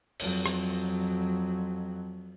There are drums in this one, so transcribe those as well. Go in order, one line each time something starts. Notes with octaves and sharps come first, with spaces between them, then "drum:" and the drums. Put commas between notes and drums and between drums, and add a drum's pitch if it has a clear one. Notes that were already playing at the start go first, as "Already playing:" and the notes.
F2 F#3, drum: cymbal
drum: rim click